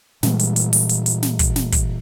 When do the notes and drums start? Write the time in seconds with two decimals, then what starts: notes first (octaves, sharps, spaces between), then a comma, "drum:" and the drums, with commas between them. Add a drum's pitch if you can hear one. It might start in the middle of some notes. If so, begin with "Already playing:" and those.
0.23 A#2 E3 G3 G#3, drum: snare
0.39 drum: hi-hat
0.56 drum: hi-hat
0.73 drum: open hi-hat
0.89 drum: hi-hat
1.06 drum: hi-hat
1.23 drum: snare
1.39 drum: kick, hi-hat
1.56 drum: snare
1.72 drum: kick, hi-hat